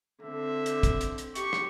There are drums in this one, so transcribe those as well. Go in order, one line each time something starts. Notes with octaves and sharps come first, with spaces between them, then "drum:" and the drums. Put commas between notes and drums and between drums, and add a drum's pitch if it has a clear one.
D3 C4 E5
drum: hi-hat
drum: kick, hi-hat
drum: hi-hat
drum: hi-hat
G4 C#6, drum: hi-hat
drum: rim click